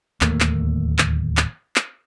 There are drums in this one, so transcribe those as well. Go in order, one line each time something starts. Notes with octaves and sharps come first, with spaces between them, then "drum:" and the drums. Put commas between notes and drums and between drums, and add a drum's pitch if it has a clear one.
D1 D#2 A3 A#3, drum: clap
drum: clap
drum: clap
drum: clap
drum: clap